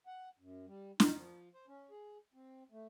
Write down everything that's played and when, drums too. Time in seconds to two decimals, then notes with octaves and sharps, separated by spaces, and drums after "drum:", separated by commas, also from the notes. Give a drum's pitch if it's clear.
0.06 F#5
0.39 F#2
0.67 G3
1.00 D#4, drum: snare
1.16 F3
1.54 C5
1.68 C#4
1.91 G#4
2.34 C4
2.72 A3